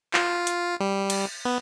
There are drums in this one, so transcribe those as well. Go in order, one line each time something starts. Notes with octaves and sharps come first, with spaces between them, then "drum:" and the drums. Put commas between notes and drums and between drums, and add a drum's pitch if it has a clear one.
F4, drum: clap
drum: hi-hat
G3
drum: cymbal
B3